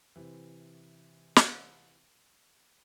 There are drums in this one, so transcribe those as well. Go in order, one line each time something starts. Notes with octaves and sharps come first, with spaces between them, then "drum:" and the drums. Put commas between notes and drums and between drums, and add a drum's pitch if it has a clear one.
C3 E3
drum: snare